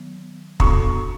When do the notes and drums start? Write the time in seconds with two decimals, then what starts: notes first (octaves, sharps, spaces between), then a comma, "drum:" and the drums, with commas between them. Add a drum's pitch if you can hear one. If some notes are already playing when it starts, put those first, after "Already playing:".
Already playing: D#3 F#3 B3
0.60 B3 D4 F#4 A4 C#6, drum: kick